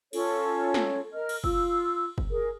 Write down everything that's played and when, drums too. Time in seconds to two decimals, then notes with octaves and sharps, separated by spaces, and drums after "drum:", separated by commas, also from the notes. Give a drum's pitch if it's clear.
0.13 C#4 F4 A4 C#5, drum: cymbal
0.74 drum: snare
1.12 A#4 D#5 F6
1.29 drum: cymbal
1.44 F4 E6, drum: kick F#1
2.18 drum: kick F#1
2.31 G#4 A#4